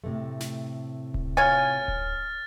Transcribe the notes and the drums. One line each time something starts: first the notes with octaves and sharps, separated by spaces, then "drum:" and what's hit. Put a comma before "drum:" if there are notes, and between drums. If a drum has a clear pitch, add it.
A2 C3 A3
drum: snare
drum: kick D1
F4 C#5 G#5 F6 A6
drum: kick D1